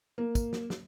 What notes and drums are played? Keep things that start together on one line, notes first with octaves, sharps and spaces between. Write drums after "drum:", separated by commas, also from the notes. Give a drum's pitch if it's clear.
A#3
drum: kick, tambourine
drum: snare
drum: snare